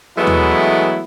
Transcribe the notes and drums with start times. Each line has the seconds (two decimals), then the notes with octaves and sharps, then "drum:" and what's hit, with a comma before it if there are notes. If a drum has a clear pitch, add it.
0.18 E3 F#3 G#3 A3 B3 E4
0.27 drum: tom